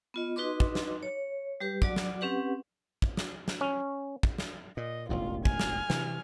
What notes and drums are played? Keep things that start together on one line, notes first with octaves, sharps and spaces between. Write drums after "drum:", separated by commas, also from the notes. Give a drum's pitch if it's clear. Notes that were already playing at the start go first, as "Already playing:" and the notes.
B3 F4 D#5
D#4 F#4 B4 D#5 C6 D6
drum: kick
drum: snare
C#5
G3 G4 B4
F#3 F#4 D5 D6, drum: kick
drum: snare
C4 C#4 G4 B4 F#5
drum: kick
drum: snare
drum: snare
C#4
drum: kick
drum: snare
A#2 D#5
E1 A1 D#2 F4
G#5 F6, drum: kick
drum: snare
C3 E3, drum: snare